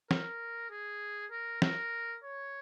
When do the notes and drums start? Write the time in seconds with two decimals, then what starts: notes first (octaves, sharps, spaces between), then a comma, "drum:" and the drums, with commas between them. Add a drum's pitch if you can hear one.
0.11 A#4, drum: snare
0.71 G#4
1.31 A#4
1.62 A#4, drum: snare
2.24 C#5